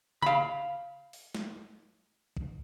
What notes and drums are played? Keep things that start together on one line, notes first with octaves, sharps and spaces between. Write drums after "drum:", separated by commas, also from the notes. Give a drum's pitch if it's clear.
F5 B5, drum: tom C#3
drum: open hi-hat
drum: snare
drum: kick